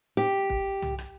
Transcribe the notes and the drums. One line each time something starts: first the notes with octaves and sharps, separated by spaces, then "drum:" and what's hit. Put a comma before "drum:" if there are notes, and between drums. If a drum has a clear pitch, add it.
G4
drum: kick
drum: tom
drum: rim click